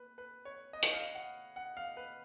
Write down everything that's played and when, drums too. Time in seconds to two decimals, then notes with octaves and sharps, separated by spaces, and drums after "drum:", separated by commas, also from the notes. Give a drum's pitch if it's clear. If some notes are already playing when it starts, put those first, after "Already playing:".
Already playing: A#3 B4
0.18 B4
0.45 C#5
0.73 D#5
0.83 drum: hi-hat
0.94 F5
1.15 F#5
1.56 F#5
1.77 F5
1.97 B4